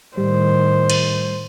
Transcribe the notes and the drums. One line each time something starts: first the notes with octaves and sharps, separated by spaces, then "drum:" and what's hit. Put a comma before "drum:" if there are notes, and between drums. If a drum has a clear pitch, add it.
A2 D#3 G3 C5
drum: cymbal